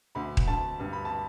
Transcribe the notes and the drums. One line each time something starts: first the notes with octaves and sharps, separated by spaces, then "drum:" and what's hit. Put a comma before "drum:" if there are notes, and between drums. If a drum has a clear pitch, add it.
D2 B5
drum: kick D#1
D2 A5
G2
B5
A5